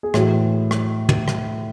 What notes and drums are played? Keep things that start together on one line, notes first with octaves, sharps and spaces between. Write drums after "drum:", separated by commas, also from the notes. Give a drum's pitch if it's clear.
G#4
A2 E3 F#4, drum: rim click
drum: rim click
drum: tom
drum: rim click